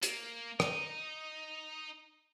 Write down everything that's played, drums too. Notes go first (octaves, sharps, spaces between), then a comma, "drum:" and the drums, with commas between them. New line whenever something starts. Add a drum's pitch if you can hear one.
A#3, drum: hi-hat
D#4, drum: rim click